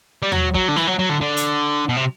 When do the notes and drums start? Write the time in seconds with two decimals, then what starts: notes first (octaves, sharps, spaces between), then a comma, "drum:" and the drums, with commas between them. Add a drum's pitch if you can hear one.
0.22 G3
0.32 F#3, drum: tom D#2
0.54 F#3, drum: kick
0.68 D3
0.76 E3, drum: snare
0.87 F#3
0.99 F#3
1.10 D3
1.21 D3
1.37 drum: hi-hat
1.89 B2
1.97 C3